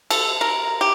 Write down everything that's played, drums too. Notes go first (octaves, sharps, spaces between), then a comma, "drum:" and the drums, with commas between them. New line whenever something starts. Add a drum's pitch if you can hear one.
A4, drum: cymbal
A#4
G4